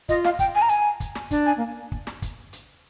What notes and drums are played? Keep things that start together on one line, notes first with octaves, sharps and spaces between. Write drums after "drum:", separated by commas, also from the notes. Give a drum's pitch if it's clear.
F4 D#5, drum: kick, hi-hat
F5, drum: snare
G5, drum: kick, hi-hat
G#5
A#5
G#5, drum: hi-hat
drum: kick, hi-hat
drum: snare
D4, drum: kick, hi-hat
G#5
A#3
drum: kick
drum: snare
drum: kick, hi-hat
drum: hi-hat